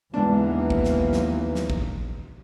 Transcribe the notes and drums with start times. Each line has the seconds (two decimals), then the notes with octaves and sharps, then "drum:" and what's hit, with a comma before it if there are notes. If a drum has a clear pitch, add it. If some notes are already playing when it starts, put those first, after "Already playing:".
0.14 D#2 G#2 E3 A#3 B3 D4 D#4
0.70 drum: kick
0.85 drum: snare
1.13 drum: snare
1.55 drum: snare
1.70 drum: kick